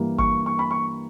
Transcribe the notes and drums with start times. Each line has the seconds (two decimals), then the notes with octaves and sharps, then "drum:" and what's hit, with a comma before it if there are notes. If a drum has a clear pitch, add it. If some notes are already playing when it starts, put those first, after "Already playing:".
Already playing: G2 E3 G3 A#3
0.19 C#6, drum: kick G#1
0.46 C#6
0.59 B5
0.71 C#6